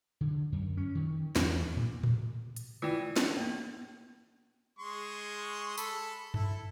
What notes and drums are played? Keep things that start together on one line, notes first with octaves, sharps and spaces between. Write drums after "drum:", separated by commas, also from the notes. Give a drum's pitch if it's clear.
D3
F#2
C#4
D#3
E2, drum: snare
A#2
drum: tom A2
drum: hi-hat
E3 F4 D5 G5
drum: snare
A#3 B3
G#3 C6 C#6
A4 B5, drum: tambourine
E4 A4, drum: tom F#2